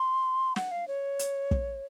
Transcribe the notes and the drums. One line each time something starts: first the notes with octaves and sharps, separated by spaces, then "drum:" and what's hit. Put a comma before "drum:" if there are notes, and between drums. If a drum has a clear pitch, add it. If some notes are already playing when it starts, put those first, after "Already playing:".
Already playing: C6
F#5, drum: snare
F5
C#5
drum: hi-hat
drum: kick